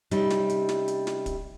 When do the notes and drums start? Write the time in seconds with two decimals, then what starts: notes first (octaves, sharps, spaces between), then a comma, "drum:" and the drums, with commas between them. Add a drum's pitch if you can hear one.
0.11 C3 G3 C#4 D#4, drum: hi-hat
0.30 drum: snare
0.49 drum: hi-hat
0.69 drum: snare
0.88 drum: hi-hat
1.07 drum: snare
1.26 drum: kick, hi-hat